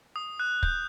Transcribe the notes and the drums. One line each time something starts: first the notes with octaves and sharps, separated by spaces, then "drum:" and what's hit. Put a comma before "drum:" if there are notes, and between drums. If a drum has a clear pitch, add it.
D#6
F#6
G6, drum: kick